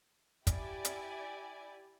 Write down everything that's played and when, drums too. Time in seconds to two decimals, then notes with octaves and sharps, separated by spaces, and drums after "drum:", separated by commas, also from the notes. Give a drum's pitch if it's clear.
0.47 E4 G4 D5 G#5, drum: kick, hi-hat
0.85 drum: hi-hat